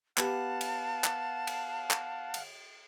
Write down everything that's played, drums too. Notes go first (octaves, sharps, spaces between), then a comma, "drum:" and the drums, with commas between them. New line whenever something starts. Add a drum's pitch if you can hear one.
B3 G4 F5 F#5 A5, drum: clap
drum: cymbal
drum: clap
drum: cymbal
drum: clap
drum: cymbal